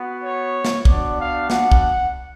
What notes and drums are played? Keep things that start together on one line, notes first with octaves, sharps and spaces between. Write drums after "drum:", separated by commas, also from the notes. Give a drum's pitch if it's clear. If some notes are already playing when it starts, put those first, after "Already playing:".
Already playing: B3 F#4
C#5
drum: snare A#3
B3 D4 F#4 D5, drum: kick
F5
F#5, drum: snare A#3
drum: kick